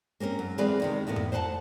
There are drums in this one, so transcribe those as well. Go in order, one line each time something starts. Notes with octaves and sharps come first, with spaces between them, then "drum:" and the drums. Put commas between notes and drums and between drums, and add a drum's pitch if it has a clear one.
A#3 C4 C#4 A#4
F#2
E3 G#3 C4 B4 D5 F5
D#2 C3 D#3
A2 E3 A#3 B3
drum: tom F2
C5 F5 F#5 G#5 A5